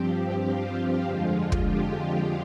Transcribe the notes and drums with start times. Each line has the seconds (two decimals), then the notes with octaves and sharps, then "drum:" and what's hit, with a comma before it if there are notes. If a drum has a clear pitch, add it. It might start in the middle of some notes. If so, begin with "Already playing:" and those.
Already playing: G2 F3 C4 G4
0.45 F4
1.06 F2 D3 F3 G#3
1.52 drum: kick
1.67 G4